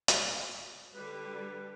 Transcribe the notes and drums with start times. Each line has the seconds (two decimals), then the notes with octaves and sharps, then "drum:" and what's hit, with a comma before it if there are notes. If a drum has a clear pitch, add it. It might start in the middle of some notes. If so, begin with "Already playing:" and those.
0.08 drum: hi-hat
0.95 D3 G3 B4